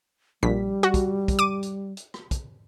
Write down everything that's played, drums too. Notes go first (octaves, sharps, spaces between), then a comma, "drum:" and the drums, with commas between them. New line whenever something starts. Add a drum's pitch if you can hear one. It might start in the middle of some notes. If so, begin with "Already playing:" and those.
A#1 G3 B6
F#4
drum: kick, hi-hat
drum: kick, hi-hat
D6 D#7
drum: hi-hat
drum: hi-hat
drum: rim click
drum: kick, hi-hat